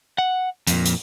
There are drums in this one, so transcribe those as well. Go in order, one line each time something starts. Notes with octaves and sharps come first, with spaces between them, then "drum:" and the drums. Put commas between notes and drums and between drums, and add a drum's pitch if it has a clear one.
F#5
F2 A#2, drum: hi-hat
drum: hi-hat